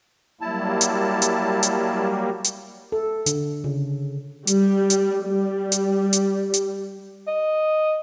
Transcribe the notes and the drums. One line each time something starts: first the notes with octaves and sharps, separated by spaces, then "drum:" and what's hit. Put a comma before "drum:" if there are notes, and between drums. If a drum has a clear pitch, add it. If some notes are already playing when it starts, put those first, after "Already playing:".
F#3 G3 A#3 E4 A5
drum: hi-hat
drum: hi-hat
drum: hi-hat
drum: hi-hat
A4
D3, drum: hi-hat
C#3
G3, drum: hi-hat
drum: hi-hat
G3
drum: hi-hat
drum: hi-hat
drum: hi-hat
D#5